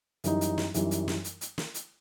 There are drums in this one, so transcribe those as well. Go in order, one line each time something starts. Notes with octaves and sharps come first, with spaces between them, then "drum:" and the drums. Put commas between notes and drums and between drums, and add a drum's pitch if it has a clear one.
F#2 E3 G3 D#4, drum: hi-hat
drum: hi-hat
drum: snare
F#2 E3 G3 D#4, drum: hi-hat
drum: hi-hat
drum: snare
drum: hi-hat
drum: hi-hat
drum: snare
drum: hi-hat